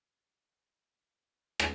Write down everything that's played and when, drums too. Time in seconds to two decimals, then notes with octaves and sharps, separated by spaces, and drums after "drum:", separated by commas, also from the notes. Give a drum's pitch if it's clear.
0.21 C#3 E3 C4
0.51 G#4 B4 F#5
0.85 G2 D3 G#3 A#3 A4 G5
1.26 D#4 F#4 A#4 B4 F5
1.60 drum: rim click